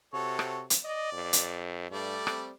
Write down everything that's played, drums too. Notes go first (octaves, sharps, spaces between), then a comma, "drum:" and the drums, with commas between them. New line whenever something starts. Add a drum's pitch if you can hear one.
C3 F#4 A4 C#5
drum: rim click
drum: hi-hat
D5 D#5
F2
drum: hi-hat
G2 G3 A3 D5
C4, drum: rim click